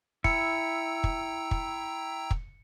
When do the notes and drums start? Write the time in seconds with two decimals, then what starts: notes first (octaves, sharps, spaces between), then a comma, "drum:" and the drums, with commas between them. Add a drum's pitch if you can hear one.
0.24 E4 G5 A#5 E6 C#7, drum: kick
1.04 drum: kick
1.51 drum: kick
2.31 drum: kick